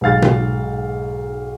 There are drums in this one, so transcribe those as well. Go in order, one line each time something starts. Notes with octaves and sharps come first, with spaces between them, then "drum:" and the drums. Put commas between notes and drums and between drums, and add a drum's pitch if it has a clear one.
B1 G#2 F5 A6
drum: tom B2